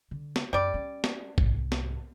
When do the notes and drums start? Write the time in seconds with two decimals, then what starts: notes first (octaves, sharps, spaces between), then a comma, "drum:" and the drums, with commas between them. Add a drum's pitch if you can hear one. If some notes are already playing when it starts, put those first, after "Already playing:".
0.11 D3
0.36 drum: snare
0.53 F#2 G3 D5
0.74 C#4
1.04 drum: snare
1.38 C2 G#2, drum: kick A1
1.72 drum: snare